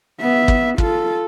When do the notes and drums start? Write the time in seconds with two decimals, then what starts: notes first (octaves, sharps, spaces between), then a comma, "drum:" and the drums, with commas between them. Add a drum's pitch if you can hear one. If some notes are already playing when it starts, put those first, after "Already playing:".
0.21 B3 E5
0.48 drum: kick
0.78 F4 A4, drum: kick